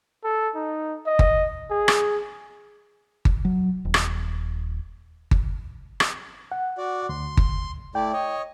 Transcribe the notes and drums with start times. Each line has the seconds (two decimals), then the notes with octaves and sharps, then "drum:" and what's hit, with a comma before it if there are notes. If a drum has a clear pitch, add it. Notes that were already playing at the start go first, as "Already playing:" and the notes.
0.24 A4
0.56 D#4
1.07 D#5
1.19 drum: kick G1
1.71 G#4
1.88 drum: rim click
3.25 drum: kick G1
3.45 F#3
3.85 D#1
3.94 drum: rim click
5.31 drum: kick G1
6.00 drum: rim click
6.52 F#5
6.78 F#4 D5
7.09 D2 C6
7.37 drum: kick G1
7.95 A3 E4 D5 G5
8.13 C#5 D#5